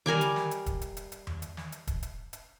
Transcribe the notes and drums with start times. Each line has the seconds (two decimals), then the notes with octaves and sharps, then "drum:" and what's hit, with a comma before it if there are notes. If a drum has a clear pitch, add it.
0.06 G3 A#4 G#5 D6, drum: tom D3
0.21 drum: hi-hat
0.36 drum: snare
0.51 drum: hi-hat
0.66 drum: kick, hi-hat
0.81 drum: hi-hat
0.97 drum: hi-hat
1.12 drum: hi-hat
1.27 drum: tom E2
1.42 drum: hi-hat
1.57 drum: snare
1.72 drum: hi-hat
1.87 drum: kick, hi-hat
2.03 drum: hi-hat
2.33 drum: hi-hat